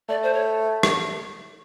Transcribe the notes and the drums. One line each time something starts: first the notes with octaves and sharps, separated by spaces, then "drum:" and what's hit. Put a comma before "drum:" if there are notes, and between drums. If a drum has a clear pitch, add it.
A3 D5
C5
C#5
drum: rim click